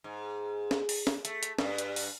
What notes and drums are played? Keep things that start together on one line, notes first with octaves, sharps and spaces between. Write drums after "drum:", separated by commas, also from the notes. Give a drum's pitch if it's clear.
G#2
drum: snare
drum: open hi-hat
drum: snare
A3, drum: hi-hat
drum: hi-hat
G2, drum: snare
drum: hi-hat
drum: open hi-hat